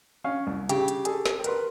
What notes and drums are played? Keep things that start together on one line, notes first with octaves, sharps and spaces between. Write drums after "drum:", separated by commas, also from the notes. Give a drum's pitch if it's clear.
C#4 F5
C2
C#3 G4, drum: hi-hat
drum: hi-hat
G#4 A4, drum: hi-hat
drum: snare
A#4 B4 C6, drum: hi-hat